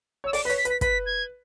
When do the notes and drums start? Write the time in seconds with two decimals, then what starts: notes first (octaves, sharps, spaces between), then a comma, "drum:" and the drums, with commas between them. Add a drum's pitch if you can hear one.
0.24 C#5 E6
0.33 D5 D6, drum: open hi-hat
0.45 B4 B6
0.50 C#5, drum: hi-hat
0.58 B6
0.65 B4, drum: hi-hat
0.70 B6
0.81 B4 B6, drum: kick, hi-hat
1.06 G#6